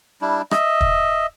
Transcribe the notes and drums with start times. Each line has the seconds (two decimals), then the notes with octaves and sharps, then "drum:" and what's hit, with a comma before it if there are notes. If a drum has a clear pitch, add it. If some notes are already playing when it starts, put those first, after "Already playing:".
0.22 G3 D4 E4
0.51 D#5 E5, drum: rim click
0.81 drum: kick